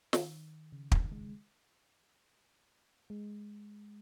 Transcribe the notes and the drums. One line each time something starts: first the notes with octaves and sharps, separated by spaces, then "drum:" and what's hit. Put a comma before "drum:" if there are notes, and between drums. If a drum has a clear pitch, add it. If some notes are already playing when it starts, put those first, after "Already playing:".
D#3, drum: snare
C#3
D#3, drum: kick
G#3
G#3